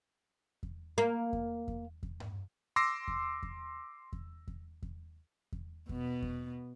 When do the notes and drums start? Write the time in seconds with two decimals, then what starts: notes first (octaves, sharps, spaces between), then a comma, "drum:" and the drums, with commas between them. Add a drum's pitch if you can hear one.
0.63 drum: kick E2
0.98 A#3
1.33 drum: kick E2
1.68 drum: kick E2
2.03 drum: kick E2
2.20 drum: tom G2
2.76 C6 D6 E6 A#6 C7
3.08 drum: kick E2
3.43 drum: kick E2
4.13 drum: kick E2
4.48 drum: kick E2
4.83 drum: kick E2
5.52 drum: kick E2
5.89 B2 B3, drum: kick E2
6.22 drum: kick E2